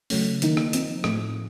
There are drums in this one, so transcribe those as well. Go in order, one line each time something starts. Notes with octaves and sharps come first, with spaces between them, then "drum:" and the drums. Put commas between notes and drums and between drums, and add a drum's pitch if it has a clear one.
C#3 F#3 A3 C#4, drum: open hi-hat
D#3 A#3 D#4, drum: hi-hat
drum: rim click
F3 C4 D#4, drum: hi-hat
A2 F3 A3, drum: rim click